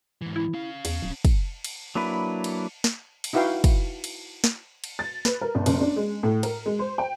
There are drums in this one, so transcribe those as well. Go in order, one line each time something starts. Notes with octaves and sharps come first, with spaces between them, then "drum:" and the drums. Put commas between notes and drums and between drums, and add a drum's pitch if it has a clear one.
G#2 E3
E4
C#4 F5
E2, drum: cymbal
D1
drum: kick, cymbal
drum: cymbal
F#3 A#3 D4 E4 B4
drum: cymbal
drum: snare
drum: cymbal
D#4 E4 F#4 B4 F5 G5
drum: kick, cymbal
drum: cymbal
drum: snare
drum: cymbal
A6
B4, drum: snare
A#4
G1
F#1, drum: cymbal
D4
G#3
A2
A#4, drum: cymbal
G#3
C5
G5